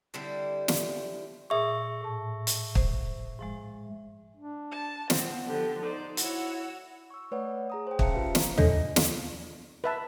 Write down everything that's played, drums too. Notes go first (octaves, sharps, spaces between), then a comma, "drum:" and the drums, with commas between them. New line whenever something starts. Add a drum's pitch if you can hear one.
D3 G3 C4 E4
drum: snare
A#2 G#4 E5 C#6
A2 A5
drum: hi-hat
C5, drum: kick
G#2 F3 G#3
D4
A5
B3 C4, drum: snare
D3 F3 G4
D#4 C5 D5
E4 F#4 C#5 F#5 E6, drum: hi-hat
C#6 E6
A3 B4 C#5 D5 F#5
G#4 A#5 D#6
C5 G5
C#4 E5 F5 A5 A#5 C#7, drum: kick
F4 G4 B4 E5 F5
drum: snare
D4 A4 C#5 D#5, drum: tom
drum: snare
B4 E5 A5